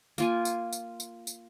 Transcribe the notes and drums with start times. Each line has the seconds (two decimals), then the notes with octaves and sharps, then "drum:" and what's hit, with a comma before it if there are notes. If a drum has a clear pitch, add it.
0.18 A#3 F4 G#5, drum: tambourine
0.45 drum: tambourine
0.73 drum: tambourine
1.00 drum: tambourine
1.27 drum: tambourine